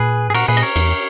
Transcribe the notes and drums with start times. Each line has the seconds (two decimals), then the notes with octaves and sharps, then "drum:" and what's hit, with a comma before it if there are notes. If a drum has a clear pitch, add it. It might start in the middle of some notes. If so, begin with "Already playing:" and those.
Already playing: A#2 G#4 B4
0.29 G#2 G#4
0.34 A#2 F#4 A#4, drum: cymbal
0.48 A#2 G#4 B4
0.57 D#5, drum: cymbal
0.62 A#4 C#5
0.76 E2, drum: cymbal